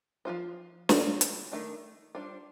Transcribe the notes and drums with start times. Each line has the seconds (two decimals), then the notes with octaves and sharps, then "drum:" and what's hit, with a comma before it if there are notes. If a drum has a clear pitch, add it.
0.25 F3 C4 F4 C5
0.89 G3 C4 F4, drum: snare
1.21 drum: hi-hat
1.52 D#3 A3 D4
2.15 G3 D4 F4 C5